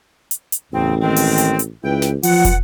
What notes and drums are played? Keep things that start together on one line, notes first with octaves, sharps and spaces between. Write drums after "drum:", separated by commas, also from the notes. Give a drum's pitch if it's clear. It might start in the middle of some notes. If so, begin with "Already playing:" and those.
drum: hi-hat
drum: hi-hat
A1 E2 C#3 C4
D#3 G#3 C4
drum: open hi-hat
drum: hi-hat
drum: hi-hat
C#2 E4 B4 G5
drum: snare
E3 F3 F4 F#5, drum: open hi-hat
drum: kick, hi-hat